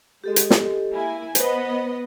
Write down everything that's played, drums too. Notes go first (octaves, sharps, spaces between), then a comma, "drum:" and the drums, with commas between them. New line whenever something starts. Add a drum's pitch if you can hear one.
G#3 G4 A4 D#5
drum: hi-hat
drum: snare
A#3 E4 G#5
B3 B4 C5 D#5, drum: hi-hat